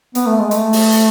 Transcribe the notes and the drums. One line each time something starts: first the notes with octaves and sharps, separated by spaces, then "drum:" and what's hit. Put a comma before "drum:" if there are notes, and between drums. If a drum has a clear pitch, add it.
B3, drum: hi-hat
A3
G#3
A3, drum: hi-hat
drum: open hi-hat
drum: hi-hat